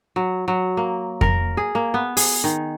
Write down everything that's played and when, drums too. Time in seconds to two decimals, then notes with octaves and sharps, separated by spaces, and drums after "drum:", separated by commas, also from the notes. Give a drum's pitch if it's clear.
0.16 F#3
0.48 F#3
0.77 A#3
1.21 A#4, drum: kick F2
1.57 G#4
1.75 A#3
1.94 B3
2.17 G#4, drum: open hi-hat
2.44 D#3